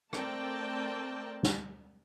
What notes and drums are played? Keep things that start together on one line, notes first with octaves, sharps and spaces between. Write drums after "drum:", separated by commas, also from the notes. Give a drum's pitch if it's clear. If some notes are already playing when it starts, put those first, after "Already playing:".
A3 C4 A#4 D5 G5 A5, drum: rim click
drum: snare